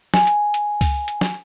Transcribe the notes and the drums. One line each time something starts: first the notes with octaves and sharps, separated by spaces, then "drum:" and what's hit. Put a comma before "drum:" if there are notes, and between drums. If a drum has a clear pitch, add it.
G#5, drum: snare
drum: hi-hat
drum: hi-hat
drum: kick C#2, open hi-hat
drum: hi-hat
drum: snare